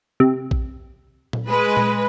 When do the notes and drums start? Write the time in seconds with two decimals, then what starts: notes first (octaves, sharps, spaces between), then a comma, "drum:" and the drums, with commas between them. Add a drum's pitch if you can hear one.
0.20 C3
0.51 drum: kick
1.33 drum: tom A#2
1.48 G#3 B4
1.77 drum: tom A#2